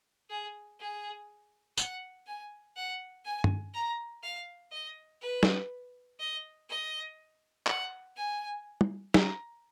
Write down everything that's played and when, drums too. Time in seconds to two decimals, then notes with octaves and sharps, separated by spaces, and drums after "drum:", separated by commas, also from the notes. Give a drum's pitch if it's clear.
0.30 G#4
0.79 G#4
1.78 F#5, drum: tambourine
2.26 G#5
2.76 F#5
3.25 G#5
3.44 drum: tom G2
3.74 A#5
4.23 F5
4.72 D#5
5.21 B4
5.43 drum: snare
6.20 D#5
6.69 D#5
7.67 F#5, drum: clap
8.16 G#5
8.81 drum: tom
9.14 A#5, drum: snare